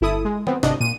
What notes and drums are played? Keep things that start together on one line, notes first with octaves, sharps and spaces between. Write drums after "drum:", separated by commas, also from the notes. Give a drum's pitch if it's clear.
G1 E4 A4 D#6
G#3
B3 C4, drum: tom
G#1 C3 D4 D#5, drum: snare
A#2 D#7